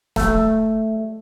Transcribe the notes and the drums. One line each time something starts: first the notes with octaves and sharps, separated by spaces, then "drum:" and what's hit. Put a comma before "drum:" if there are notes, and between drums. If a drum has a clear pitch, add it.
A3, drum: snare